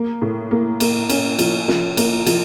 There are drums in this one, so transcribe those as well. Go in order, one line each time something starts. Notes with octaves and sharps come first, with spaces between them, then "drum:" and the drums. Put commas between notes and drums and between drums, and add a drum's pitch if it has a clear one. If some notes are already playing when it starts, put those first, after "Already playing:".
Already playing: A#3
A2
A#3
A#3, drum: cymbal
C#4, drum: cymbal
F3, drum: cymbal
F3, drum: snare
A#3, drum: cymbal
F3, drum: cymbal